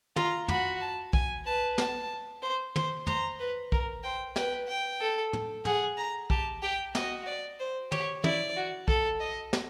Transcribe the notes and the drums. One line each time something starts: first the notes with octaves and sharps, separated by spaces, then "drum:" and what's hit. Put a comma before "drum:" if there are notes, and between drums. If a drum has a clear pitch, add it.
F4 A#5, drum: tom
F#4 B5, drum: tom
A5
G#5, drum: kick
B4 A5
A5, drum: snare
C5
C5, drum: tom
C5 A#5, drum: tom
B4
A#4, drum: kick
C5 G5
B4 G5, drum: snare
G5
A4
drum: tom
G#4 F#5, drum: tom
A#5
G4 A5, drum: kick
G4 G5
F#4 D#5, drum: snare
D5
C5
G4 C#5, drum: tom
E4 D5, drum: tom
F#4
A4, drum: kick
D#5
drum: snare